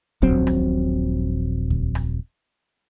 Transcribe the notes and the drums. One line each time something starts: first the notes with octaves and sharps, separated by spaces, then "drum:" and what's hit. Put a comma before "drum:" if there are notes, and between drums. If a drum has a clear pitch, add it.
D#1 A#1 F#3 C4, drum: kick C#2
drum: rim click
drum: kick C#2
drum: rim click